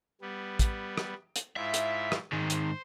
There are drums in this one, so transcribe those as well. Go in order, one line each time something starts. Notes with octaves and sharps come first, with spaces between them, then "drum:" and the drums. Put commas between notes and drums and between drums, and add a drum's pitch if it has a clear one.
G3 B3
drum: kick, hi-hat
drum: rim click
drum: hi-hat
G#2 E4 F4 E5
drum: hi-hat
drum: rim click
G#2 D#3 C5
drum: hi-hat